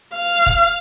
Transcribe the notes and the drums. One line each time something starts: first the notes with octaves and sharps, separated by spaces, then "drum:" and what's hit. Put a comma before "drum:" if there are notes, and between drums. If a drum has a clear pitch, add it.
F5
drum: kick F1